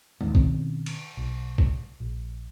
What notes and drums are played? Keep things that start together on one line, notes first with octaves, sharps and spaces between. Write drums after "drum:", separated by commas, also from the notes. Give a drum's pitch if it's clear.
D1 D#2 D4, drum: tom G#3
B2 D#3 C4 C#4, drum: kick B1
drum: cymbal
B1
drum: kick B1
A#1